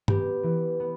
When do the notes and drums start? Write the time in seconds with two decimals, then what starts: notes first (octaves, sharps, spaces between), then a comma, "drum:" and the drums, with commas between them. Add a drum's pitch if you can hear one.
0.08 B3 G4, drum: tom
0.43 E3
0.80 B3